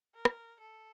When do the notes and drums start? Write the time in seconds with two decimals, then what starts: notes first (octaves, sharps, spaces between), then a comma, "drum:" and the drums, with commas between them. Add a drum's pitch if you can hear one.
0.15 A#4
0.25 drum: rim click
0.60 A4